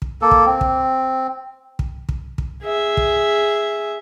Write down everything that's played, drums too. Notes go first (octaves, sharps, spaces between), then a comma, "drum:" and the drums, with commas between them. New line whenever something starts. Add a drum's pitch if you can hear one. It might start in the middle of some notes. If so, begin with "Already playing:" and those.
drum: kick
A#3 A4
drum: kick
C4
drum: kick
drum: kick
drum: kick
drum: kick
G#4 E5
drum: kick